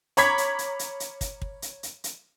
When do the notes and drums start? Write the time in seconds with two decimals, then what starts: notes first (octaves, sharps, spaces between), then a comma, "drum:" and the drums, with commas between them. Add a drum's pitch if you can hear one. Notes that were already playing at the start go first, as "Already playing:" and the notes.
0.17 C#5 A#5 B5 D6 G#6 B6, drum: hi-hat
0.38 drum: hi-hat
0.59 drum: hi-hat
0.79 drum: hi-hat
1.00 drum: hi-hat
1.21 drum: kick, hi-hat
1.42 drum: kick
1.62 drum: hi-hat
1.83 drum: hi-hat
2.04 drum: hi-hat